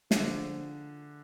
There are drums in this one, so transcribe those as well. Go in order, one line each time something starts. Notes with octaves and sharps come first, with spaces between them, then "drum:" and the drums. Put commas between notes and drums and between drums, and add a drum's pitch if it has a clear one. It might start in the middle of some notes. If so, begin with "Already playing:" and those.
D3 F3 A3 D4 G#4, drum: snare